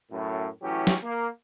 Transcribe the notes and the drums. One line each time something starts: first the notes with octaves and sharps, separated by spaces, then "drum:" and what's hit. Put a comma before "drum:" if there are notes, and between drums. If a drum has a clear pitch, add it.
F#2 A2
A2 E3 F#3 C#4 G4
drum: snare
A#3